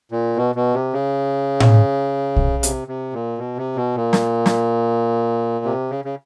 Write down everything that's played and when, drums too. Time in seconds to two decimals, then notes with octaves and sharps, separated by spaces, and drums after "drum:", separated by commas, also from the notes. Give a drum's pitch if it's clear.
0.11 A#2
0.36 B2
0.55 B2
0.74 C3
0.93 C#3
1.60 drum: tom A2
2.36 drum: kick
2.63 C3, drum: hi-hat
2.88 C3
3.13 A#2
3.38 B2
3.57 C3
3.76 B2
3.95 A#2
4.13 drum: snare
4.46 drum: snare
5.65 C3
5.90 C#3
6.05 C#3